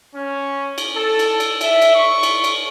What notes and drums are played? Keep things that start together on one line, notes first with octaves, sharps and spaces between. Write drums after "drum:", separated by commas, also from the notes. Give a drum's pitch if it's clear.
C#4
drum: cymbal
A4
drum: cymbal
drum: cymbal
E5, drum: cymbal
drum: cymbal
C#6
drum: cymbal
drum: cymbal